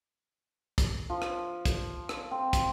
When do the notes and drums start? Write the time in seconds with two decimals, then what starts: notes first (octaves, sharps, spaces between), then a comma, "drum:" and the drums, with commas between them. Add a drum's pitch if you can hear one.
0.78 drum: kick, hi-hat
1.10 F3
1.22 drum: rim click
1.65 drum: kick, hi-hat
2.09 drum: rim click
2.31 C4
2.53 drum: kick, hi-hat